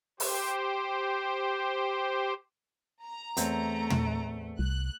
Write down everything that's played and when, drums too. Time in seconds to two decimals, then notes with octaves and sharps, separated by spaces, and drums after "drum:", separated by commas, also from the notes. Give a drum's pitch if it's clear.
0.20 G4 C5, drum: open hi-hat
3.03 A#5
3.37 E2 A3 C4 C#5, drum: hi-hat
3.90 drum: tom
4.59 C2 F#6